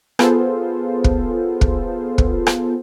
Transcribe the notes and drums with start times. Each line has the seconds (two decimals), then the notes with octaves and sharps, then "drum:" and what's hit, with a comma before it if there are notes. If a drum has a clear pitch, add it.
0.19 B3 F4 G#4 A4 C5, drum: rim click
1.04 drum: kick
1.61 drum: kick
2.18 drum: kick
2.47 drum: rim click